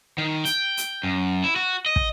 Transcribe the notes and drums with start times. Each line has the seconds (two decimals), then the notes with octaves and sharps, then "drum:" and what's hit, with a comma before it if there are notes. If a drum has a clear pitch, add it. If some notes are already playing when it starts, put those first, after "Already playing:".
0.18 D#3
0.45 G5, drum: hi-hat
0.77 drum: hi-hat
1.03 F#2
1.44 E4
1.56 F#4
1.86 D#5
1.96 drum: kick